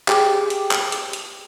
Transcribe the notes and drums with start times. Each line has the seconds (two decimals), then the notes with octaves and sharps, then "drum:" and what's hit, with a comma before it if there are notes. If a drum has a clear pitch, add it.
0.08 G4 G#4 G5 D6, drum: clap
0.50 drum: hi-hat
0.71 drum: clap
0.92 drum: hi-hat
1.13 drum: hi-hat